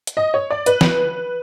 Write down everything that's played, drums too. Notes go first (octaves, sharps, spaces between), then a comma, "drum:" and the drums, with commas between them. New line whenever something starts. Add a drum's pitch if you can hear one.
drum: hi-hat
D#5
C#5
D5
B4, drum: hi-hat
drum: snare